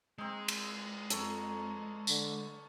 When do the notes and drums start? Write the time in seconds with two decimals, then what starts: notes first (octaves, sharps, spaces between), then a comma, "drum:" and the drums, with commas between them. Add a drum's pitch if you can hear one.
0.18 G#3 C4 D#4
0.48 drum: cymbal
1.10 F2 A4 C#5 A#5, drum: hi-hat
2.07 D3, drum: tambourine